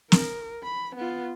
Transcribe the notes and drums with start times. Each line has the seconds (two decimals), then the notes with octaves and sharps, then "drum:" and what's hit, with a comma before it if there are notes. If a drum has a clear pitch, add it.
0.12 A#4, drum: snare
0.64 B5
0.96 B3 F4